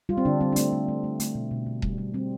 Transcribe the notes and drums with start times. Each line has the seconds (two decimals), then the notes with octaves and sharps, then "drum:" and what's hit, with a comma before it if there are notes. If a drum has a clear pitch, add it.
0.09 G3 F4
0.18 C4
0.25 D3 D4
0.41 G3 C4
0.52 D4
0.56 A3 C4, drum: hi-hat
0.73 A3
0.88 A3
1.04 A3
1.20 A3, drum: hi-hat
1.35 B2
1.51 B2
1.66 B2
1.82 G3, drum: kick D#1
1.98 G3
2.14 G3 C4